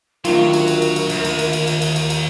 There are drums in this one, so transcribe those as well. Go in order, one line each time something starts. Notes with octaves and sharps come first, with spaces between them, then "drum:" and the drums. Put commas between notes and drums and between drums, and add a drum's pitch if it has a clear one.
D2 D#3 F#3 F4 A#4, drum: cymbal
drum: cymbal
drum: cymbal
drum: cymbal
drum: cymbal
D#2, drum: cymbal
drum: cymbal
drum: cymbal
drum: cymbal
drum: cymbal
drum: cymbal
drum: cymbal
drum: cymbal